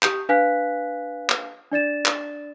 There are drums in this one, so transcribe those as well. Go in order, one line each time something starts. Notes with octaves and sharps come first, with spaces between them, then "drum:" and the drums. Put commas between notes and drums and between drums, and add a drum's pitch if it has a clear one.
G4 D#6 G6, drum: clap
D4 B4 F5 G#5 F#6 B6
drum: clap
D4 D5 A6 E7
drum: clap